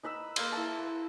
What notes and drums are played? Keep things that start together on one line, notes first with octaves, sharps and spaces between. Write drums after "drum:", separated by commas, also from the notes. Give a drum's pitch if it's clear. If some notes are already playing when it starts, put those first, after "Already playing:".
D#4 B4 B5 E6
A#3 F5 C6, drum: cymbal
E4 A5
B4